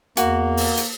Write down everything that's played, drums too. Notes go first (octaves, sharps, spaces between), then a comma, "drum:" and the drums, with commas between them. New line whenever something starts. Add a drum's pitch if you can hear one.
E2 A#3 F#4, drum: hi-hat
drum: open hi-hat
drum: hi-hat